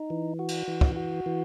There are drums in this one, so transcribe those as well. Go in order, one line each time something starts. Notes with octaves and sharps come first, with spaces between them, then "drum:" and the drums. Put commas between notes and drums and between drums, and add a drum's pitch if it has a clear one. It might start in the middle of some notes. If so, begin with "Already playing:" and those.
Already playing: D#4
E3
F#4
drum: cymbal
E3
drum: kick
F#4
E3